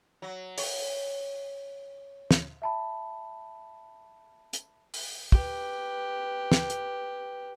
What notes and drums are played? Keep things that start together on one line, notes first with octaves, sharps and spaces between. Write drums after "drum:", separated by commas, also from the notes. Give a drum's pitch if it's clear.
F#3
C#5, drum: open hi-hat
drum: snare
E5 A5 B5
drum: hi-hat
drum: open hi-hat
G4 B4, drum: kick
drum: snare
drum: hi-hat